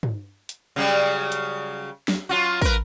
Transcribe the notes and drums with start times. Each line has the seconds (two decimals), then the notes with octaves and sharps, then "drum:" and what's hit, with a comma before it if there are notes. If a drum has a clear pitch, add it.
0.03 drum: tom
0.49 drum: hi-hat
0.76 C#3 F#3 G3
1.32 drum: hi-hat
2.08 drum: snare
2.29 F#3 F4 F#4
2.61 A#4 B4, drum: kick